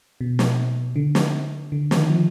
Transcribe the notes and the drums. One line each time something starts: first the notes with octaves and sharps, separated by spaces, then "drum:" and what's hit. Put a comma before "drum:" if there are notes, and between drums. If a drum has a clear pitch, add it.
B2
drum: snare
D3
drum: snare
D3
D#3, drum: snare
F3